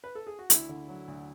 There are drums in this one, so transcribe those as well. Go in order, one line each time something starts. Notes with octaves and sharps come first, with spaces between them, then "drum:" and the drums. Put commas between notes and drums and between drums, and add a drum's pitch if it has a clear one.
B4
A4
G#4
F#4
D2 E4, drum: hi-hat
D3
F#3
D2